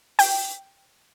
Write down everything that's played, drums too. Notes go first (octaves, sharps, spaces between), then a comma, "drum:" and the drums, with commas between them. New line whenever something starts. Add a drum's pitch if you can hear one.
G5, drum: open hi-hat